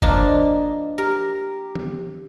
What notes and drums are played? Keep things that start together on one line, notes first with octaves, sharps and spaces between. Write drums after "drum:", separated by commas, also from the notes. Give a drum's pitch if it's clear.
F3 A#3 D4 D#5, drum: kick
G4 A#4
drum: tom